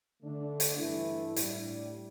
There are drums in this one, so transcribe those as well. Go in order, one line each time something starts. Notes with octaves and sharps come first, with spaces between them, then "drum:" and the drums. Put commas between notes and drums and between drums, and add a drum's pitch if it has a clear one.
D3 A3 D4
drum: hi-hat
G2 E3 A3 E4
A2 G3 D4, drum: hi-hat